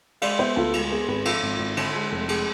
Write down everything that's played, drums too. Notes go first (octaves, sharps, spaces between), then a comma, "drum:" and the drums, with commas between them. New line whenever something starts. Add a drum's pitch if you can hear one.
G#3 D5 F5, drum: cymbal
B3 C5 E5
D2 F4 A4
G#3 F4, drum: cymbal
B3 G#4
G#1 G#4 B4
F3 F4 A4, drum: cymbal
G#1
G#1
D3, drum: cymbal
G#3
F1
G#3 G#4, drum: cymbal